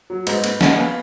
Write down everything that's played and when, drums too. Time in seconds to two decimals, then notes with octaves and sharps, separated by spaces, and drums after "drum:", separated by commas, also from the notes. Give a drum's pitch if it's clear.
0.10 F#3
0.27 G#2 B4 D#5, drum: cymbal
0.44 B3, drum: cymbal
0.61 B3 D#5 F#5, drum: snare
0.77 B3 F5 G#5